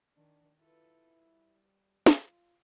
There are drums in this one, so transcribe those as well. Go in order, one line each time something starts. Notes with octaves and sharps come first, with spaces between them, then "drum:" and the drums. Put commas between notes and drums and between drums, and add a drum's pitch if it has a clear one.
D#3 D4
E4 F4 A4 B4
G3
drum: snare
F4